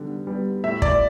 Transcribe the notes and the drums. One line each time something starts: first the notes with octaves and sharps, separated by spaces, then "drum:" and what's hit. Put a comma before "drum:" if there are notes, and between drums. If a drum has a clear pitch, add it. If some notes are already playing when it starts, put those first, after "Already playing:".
Already playing: D3 G3 B3
G3 B3
A2 E5
D5, drum: kick